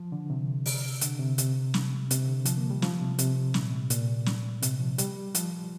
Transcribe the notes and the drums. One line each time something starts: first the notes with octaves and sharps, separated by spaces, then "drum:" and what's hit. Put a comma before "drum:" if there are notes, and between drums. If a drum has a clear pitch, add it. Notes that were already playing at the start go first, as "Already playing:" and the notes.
Already playing: F3
D3
C3
drum: open hi-hat
D3, drum: hi-hat
C3
C3, drum: hi-hat
drum: snare
C3, drum: hi-hat
D3
F3, drum: hi-hat
A#3
G3
F3, drum: snare
C3
C3, drum: hi-hat
A#2, drum: snare
C3
A#2, drum: hi-hat
drum: snare
C3, drum: hi-hat
F3
G3, drum: hi-hat
F3, drum: hi-hat